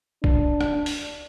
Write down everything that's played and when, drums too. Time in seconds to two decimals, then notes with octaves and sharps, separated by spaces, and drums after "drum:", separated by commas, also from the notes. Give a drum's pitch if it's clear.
0.24 D4, drum: kick
0.61 drum: rim click
0.86 drum: open hi-hat